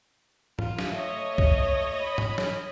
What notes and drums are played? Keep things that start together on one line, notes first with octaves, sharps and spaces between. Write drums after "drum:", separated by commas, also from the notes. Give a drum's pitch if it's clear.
F4, drum: tom G#2
drum: snare
A3 C#5 D#5
drum: kick C2
B5
drum: tom G#2
drum: snare